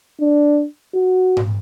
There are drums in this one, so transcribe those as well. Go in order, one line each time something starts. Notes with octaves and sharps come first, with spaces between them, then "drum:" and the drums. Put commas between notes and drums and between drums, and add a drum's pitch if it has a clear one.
D4
F#4
drum: tom G#2